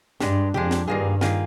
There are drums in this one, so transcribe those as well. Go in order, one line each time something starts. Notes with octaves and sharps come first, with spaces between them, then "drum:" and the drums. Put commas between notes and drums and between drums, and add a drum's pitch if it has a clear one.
G2 G#3 D4 G4, drum: snare
F2 G#3 D4 G4, drum: tom
drum: snare
G2 D#3 A#3 F4 G#4
D#3 A#3 F4 G#4, drum: snare